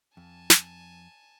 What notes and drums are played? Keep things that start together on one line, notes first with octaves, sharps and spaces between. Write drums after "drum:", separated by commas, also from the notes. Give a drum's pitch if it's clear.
F2 G#5 A5
drum: snare